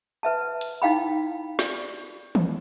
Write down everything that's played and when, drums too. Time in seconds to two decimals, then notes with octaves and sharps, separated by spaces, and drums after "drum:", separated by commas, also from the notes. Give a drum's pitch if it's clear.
0.23 B4 E5 A5
0.61 drum: hi-hat
0.82 D#4 E4 F5 G5 B5
1.59 D5, drum: snare
2.35 drum: tom D#3